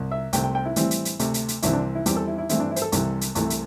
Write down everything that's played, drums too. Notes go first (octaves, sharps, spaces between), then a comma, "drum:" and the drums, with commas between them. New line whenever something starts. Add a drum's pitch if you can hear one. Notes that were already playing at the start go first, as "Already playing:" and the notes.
Already playing: C2
E5
C2 C3 A3 C4 G5, drum: hi-hat
G5
G5
E4
A2 E3 G3 C4, drum: hi-hat
drum: hi-hat
drum: hi-hat
D2 C3 A3, drum: hi-hat
drum: hi-hat
drum: hi-hat
C2 C3 E3 C4 E4, drum: hi-hat
D4
E4
E2 E3 G3 C4 G4, drum: hi-hat
A4
E4
E4
G2 E3 A3 C4 E4, drum: hi-hat
D4
E4
C5, drum: hi-hat
A4
C2 C3 E3 G3, drum: hi-hat
drum: hi-hat
C2 C3 E3 A3, drum: hi-hat
drum: hi-hat